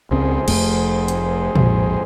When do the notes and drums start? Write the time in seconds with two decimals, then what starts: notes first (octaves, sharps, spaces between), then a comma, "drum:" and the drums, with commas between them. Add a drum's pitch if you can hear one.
0.11 C#2 C#3 C4 G#4 C5
0.48 F1 F2 A3, drum: cymbal
1.08 drum: hi-hat
1.55 A#1 F2, drum: tom